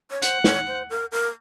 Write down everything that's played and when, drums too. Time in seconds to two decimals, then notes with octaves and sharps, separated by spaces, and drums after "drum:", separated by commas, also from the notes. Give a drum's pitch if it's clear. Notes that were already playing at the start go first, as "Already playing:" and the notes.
0.11 C#5
0.22 C5 F#5, drum: hi-hat
0.44 C#5, drum: snare
0.67 C5
0.90 A#4
1.12 A#4